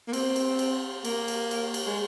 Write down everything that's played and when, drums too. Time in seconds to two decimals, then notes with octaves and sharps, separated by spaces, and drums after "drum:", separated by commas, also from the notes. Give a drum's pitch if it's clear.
0.08 A#3
0.13 C4, drum: cymbal
0.36 drum: cymbal
0.59 drum: cymbal
1.05 A#3, drum: cymbal
1.28 drum: cymbal
1.51 drum: cymbal
1.74 drum: cymbal
1.87 G#3